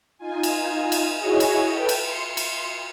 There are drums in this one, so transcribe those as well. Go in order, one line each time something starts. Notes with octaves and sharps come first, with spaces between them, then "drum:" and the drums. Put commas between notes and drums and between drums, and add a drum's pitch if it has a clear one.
D#4 F4 G#5
drum: cymbal
drum: cymbal
E4 F#4 G#4 C#5 D#5 G#5
drum: cymbal
A4 B4 G5
drum: cymbal
C6 C#7
drum: cymbal